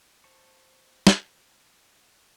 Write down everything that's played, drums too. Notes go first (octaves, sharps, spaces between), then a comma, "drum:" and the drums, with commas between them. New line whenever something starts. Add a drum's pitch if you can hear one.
C5 A5 C#6
drum: snare